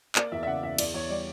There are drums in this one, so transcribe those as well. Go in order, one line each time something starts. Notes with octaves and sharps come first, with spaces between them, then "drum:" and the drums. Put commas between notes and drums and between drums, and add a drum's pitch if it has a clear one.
A#3 D5, drum: clap
E2 E5
E5
C#3 F#5
E2 E5
E2 D5, drum: cymbal
E2 C#5
G3 D5